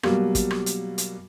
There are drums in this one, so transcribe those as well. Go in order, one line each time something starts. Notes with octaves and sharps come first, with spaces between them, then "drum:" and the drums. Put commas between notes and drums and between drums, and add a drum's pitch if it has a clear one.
B2 F#3 G3 A#3, drum: rim click
drum: kick, hi-hat
drum: rim click
drum: hi-hat
drum: hi-hat